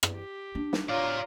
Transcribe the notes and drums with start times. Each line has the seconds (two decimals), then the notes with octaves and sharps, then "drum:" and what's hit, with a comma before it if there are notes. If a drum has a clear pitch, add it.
0.03 drum: rim click
0.14 G4
0.55 D4
0.73 drum: snare
0.89 F4 C#5 D5 F5 A#5